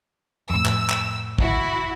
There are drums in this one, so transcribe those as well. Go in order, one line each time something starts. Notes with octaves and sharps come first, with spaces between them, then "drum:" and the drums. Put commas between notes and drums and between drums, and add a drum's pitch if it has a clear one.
F2 A2 E6
drum: clap
drum: clap
E4 F#4, drum: kick